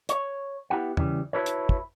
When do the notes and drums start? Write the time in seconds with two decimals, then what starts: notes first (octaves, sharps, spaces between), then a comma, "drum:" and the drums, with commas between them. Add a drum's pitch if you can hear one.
0.09 C#5, drum: hi-hat
0.70 B3 E4 G4 F#5
0.97 C#3 E3 G3, drum: tom
1.33 E4 F#4 A4 B4 C#5
1.46 drum: hi-hat
1.69 drum: kick